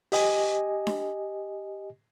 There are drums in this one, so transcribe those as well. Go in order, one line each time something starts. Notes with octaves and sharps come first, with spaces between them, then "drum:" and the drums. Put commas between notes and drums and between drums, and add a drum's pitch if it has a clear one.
G4 D#5 G#5, drum: open hi-hat
drum: snare D4